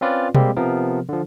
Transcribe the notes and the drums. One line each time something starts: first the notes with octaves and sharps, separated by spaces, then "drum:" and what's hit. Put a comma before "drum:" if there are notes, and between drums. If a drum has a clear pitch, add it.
C4 C#4 F4 B4 D5
G3 G#3 A#3 C4 G4, drum: tom B2
C3 F3 B3 A#4
D3 F3